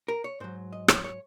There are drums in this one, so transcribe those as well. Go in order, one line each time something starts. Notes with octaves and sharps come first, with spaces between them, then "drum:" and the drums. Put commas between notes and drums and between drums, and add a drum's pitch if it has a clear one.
A#4
C#5
G#2 F#3 C5
D#5
C#5, drum: rim click
C#5